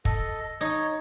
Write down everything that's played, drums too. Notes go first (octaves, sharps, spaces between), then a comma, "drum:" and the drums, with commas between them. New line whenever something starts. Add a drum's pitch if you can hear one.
A4 D#5, drum: kick
D#4 C#5